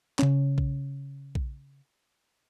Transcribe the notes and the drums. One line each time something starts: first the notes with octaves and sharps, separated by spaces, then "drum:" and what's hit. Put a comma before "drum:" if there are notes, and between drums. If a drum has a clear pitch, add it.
C#3 C#4, drum: clap
drum: kick A#1
drum: kick A#1